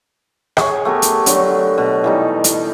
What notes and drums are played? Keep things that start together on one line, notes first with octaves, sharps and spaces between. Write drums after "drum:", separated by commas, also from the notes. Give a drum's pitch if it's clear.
G#4 C#5, drum: rim click
A3 B3 G4 A#4
drum: hi-hat
D3 F#3, drum: hi-hat
B2
E3 G3 D#4
drum: hi-hat